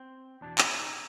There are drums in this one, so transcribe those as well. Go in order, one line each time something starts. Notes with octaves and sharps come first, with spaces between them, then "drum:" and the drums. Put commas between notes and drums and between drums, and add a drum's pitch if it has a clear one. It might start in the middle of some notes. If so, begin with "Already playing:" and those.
Already playing: C4
E2 B2 D4
E4, drum: clap
D#4